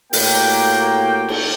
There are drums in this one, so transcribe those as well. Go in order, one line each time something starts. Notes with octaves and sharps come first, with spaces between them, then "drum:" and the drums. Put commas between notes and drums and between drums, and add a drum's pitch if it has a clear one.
A2 A#3 F#4 G4 A#4 G5, drum: open hi-hat
drum: cymbal